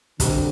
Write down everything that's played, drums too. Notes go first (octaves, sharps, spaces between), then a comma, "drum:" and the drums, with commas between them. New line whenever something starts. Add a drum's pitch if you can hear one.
D3 G3 C4 G4, drum: kick, hi-hat